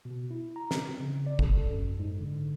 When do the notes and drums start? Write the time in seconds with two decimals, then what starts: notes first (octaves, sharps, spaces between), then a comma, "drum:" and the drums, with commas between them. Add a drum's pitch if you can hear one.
0.05 B2
0.31 E4
0.56 A#5
0.71 C4, drum: snare
1.00 C#3
1.26 D5
1.39 A4, drum: kick
1.70 F#2
2.00 G#2
2.20 D3